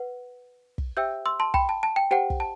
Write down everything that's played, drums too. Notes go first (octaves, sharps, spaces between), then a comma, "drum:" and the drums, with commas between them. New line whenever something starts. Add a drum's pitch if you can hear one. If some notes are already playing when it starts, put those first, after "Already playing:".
Already playing: B4 F#5
drum: kick
G4 C5 E5 G5 E6 G6
C6 E6
A5 C6
G5 B5, drum: kick
A5
A5
G5
G4 C5 F#5 G5
drum: kick
A5